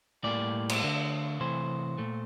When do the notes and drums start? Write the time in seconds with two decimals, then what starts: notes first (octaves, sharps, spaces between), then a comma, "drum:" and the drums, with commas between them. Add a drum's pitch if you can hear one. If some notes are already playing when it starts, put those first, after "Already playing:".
0.24 A2 G3 A#3 D5
0.69 drum: cymbal
0.82 D3 A3
1.40 C3 E3 A3 C5
1.98 A#2 A3